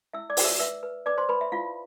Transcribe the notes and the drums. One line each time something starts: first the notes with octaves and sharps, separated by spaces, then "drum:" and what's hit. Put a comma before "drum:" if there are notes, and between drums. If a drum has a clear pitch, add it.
E4 E5 E6
D5 D6
B4, drum: open hi-hat
E5 E6
B4 E5 E6
B4
B4 D5 D6
C5 C6
B4 B5
E5
E4 F4 F5